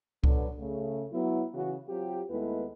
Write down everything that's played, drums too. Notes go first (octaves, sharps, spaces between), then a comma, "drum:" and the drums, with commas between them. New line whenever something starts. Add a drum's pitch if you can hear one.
D3 F#3 B3, drum: kick C2
C#3 A3
F#3 B3 E4
C#3 E3 F#4
F#3 C4 F4 G4
D#2 G#3 A3 B3 E4 B4